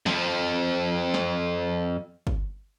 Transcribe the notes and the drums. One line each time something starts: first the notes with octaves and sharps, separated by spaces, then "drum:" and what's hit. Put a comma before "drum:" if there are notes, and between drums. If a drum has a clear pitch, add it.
F2 F3, drum: snare
drum: snare
drum: kick G1